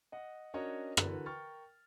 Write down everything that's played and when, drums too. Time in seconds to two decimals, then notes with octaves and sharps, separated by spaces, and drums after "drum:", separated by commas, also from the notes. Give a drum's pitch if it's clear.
0.12 D#5 F#5
0.54 C#4 D4 F#4 A#4 C#5 D#5
0.97 D3 E3 F#4 A#4 B4, drum: rim click
1.26 A#4 G5 C#6 F6 A6